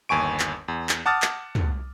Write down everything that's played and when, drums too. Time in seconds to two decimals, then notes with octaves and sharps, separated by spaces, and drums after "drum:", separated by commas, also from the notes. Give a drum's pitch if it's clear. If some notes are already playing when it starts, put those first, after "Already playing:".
0.09 G1 D#2 G#5 C#6 D7
0.40 drum: clap
0.68 E2
0.89 drum: clap
1.06 F#5 A5 D6 D#6 F6 A6
1.22 drum: clap
1.55 drum: tom